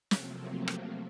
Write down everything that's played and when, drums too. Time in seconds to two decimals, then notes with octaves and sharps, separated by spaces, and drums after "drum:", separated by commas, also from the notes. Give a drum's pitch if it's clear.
0.11 C3 F3 F#3 A3 A#3 C4, drum: snare
0.68 drum: rim click